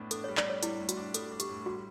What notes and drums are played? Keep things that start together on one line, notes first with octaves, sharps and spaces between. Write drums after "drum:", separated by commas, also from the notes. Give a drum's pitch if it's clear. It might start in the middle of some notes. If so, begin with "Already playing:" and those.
Already playing: A2 B3 D4
D4 A4, drum: hi-hat
G3 C#5
D5, drum: clap
D4 C#5
G3 E4, drum: hi-hat
A2
F#4, drum: hi-hat
D4
G3 A4, drum: hi-hat
D4
G4, drum: hi-hat
A2
G3 F#4